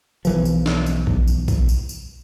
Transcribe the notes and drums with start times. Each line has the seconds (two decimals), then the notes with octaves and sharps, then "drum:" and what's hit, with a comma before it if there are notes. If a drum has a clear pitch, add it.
0.25 B1 E3 F3, drum: tambourine
0.45 drum: tambourine
0.66 drum: snare
0.86 drum: tambourine
1.07 drum: kick A#1
1.28 drum: tambourine
1.48 drum: kick A#1, tambourine
1.69 drum: tambourine
1.89 drum: tambourine